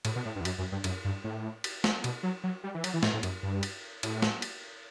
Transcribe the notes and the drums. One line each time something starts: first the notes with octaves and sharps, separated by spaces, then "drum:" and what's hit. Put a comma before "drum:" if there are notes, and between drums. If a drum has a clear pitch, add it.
A2, drum: cymbal
B2
A2
G2
E2
F#2, drum: cymbal
F#2
G2
F#2, drum: cymbal
G2
A2
drum: cymbal
drum: snare
B2, drum: cymbal
F#3
F#3
G3
E3
F#3, drum: cymbal
E3
A2, drum: snare
A2
F#2, drum: cymbal
G2
drum: cymbal
A2, drum: cymbal
drum: snare
drum: cymbal